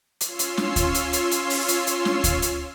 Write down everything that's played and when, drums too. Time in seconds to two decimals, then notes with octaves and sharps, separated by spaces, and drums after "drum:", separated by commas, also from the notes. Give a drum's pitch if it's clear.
0.21 C#4 F4 C#5 C6 E6 C7, drum: hi-hat
0.39 drum: hi-hat
0.57 drum: snare
0.76 drum: kick D2, hi-hat
0.94 drum: hi-hat
1.13 drum: hi-hat
1.31 drum: hi-hat
1.50 drum: open hi-hat
1.68 drum: hi-hat
1.87 drum: hi-hat
2.05 drum: snare
2.24 drum: kick D2, hi-hat
2.42 drum: hi-hat